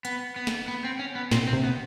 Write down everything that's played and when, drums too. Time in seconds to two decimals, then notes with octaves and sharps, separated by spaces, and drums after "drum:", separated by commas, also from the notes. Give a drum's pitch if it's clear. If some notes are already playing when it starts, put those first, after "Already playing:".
0.05 B3, drum: hi-hat
0.36 B3
0.47 drum: snare
0.68 B3
0.84 C4
0.99 C#4
1.15 B3
1.32 A#2 C4, drum: snare
1.47 C4
1.53 C3
1.64 B3